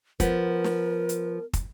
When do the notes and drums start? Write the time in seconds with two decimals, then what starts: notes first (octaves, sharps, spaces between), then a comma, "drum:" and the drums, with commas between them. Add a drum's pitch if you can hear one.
0.20 F3 B3 A#4, drum: kick, hi-hat
0.64 drum: snare
1.09 drum: hi-hat
1.53 drum: kick, hi-hat